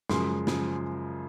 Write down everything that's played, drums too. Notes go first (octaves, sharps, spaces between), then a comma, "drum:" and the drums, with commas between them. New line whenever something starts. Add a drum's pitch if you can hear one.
F#2 C#3 F3 G#3 C6, drum: snare
C#3 F3 G#3, drum: snare